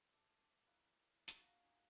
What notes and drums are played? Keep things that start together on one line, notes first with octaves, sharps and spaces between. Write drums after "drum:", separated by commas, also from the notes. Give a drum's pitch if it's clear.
A4 D5 E5
E4 A#4 B4 F5
drum: hi-hat
A#3 D4 F#4
D#4 G#5